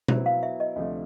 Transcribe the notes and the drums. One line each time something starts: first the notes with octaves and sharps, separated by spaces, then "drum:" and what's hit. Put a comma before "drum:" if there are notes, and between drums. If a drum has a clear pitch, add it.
F#3 B3 E4 C5, drum: tom B2
F5
E5
D#5
D2 C3 F3 A3 D4